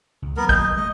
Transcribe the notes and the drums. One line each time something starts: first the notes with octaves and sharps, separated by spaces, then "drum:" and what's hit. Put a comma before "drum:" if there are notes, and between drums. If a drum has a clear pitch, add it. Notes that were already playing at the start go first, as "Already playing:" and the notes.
C#2
D#2 F#3 A#3 B3 A#4
D#5 G6, drum: kick
G#3 A3 D#5